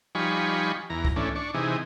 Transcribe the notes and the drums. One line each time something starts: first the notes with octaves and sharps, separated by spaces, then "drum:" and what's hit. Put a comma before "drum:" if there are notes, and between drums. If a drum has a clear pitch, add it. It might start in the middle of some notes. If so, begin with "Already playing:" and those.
F3 G3 D#4 G#5 B5 C#6
E2 A#5
drum: kick C2
E3 A3 C#4 D4
D4 C#6
C3 E3 D#4 G#4